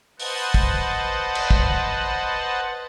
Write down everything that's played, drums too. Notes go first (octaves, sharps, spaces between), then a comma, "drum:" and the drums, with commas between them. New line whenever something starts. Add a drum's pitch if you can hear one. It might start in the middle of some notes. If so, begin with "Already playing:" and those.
B4 C5 D#5 F#5 A5, drum: open hi-hat
drum: kick
drum: cymbal
drum: kick